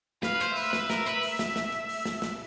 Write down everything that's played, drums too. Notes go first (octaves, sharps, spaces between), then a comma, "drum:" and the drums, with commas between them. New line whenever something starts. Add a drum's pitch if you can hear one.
B4 F5, drum: snare
C5, drum: hi-hat
B4 E5, drum: open hi-hat
B4, drum: snare
A#4, drum: snare
B4, drum: hi-hat
drum: open hi-hat
drum: snare
drum: snare
drum: hi-hat
drum: open hi-hat
drum: snare
drum: snare